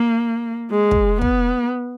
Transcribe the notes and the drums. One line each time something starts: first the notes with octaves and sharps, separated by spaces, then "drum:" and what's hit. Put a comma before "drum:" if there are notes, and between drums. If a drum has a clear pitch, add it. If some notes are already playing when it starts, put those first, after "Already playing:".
Already playing: A#3
G#3
drum: kick
B3, drum: kick